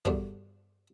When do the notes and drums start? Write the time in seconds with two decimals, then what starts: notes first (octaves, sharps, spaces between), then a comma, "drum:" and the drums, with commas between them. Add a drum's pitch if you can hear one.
0.05 E2 G2 B2 D3 D#3, drum: kick